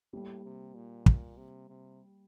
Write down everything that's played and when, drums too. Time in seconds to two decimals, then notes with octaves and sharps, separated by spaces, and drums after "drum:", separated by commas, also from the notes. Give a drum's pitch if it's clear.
0.13 A2 G3 A#3
0.44 C3
0.75 A#2
1.06 drum: kick
1.37 C3
1.69 C3